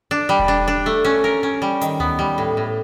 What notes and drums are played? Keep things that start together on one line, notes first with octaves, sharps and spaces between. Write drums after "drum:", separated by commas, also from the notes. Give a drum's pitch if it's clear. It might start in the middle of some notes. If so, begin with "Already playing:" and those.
D4
G3
drum: kick E1
D4
D4
A3
C#4
A#4
C#4
G3
D#3, drum: hi-hat
B3, drum: tom D2
G3
A2
A2